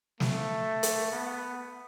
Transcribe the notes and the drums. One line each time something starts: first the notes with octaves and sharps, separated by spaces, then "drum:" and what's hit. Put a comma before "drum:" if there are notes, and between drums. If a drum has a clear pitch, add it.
A3, drum: snare
drum: hi-hat
B3